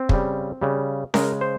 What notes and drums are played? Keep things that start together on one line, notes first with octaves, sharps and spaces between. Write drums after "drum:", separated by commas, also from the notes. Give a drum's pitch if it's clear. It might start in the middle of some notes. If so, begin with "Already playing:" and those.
Already playing: C4
C#3 G3, drum: kick
C#3 G3
C#3 G#3 A#4, drum: snare C#4
C5